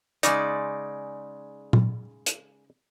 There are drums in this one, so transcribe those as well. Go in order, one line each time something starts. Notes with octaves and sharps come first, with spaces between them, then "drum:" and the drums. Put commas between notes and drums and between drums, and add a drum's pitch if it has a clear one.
C#3 G#3 D#4 D5, drum: hi-hat
drum: tom A#2
drum: hi-hat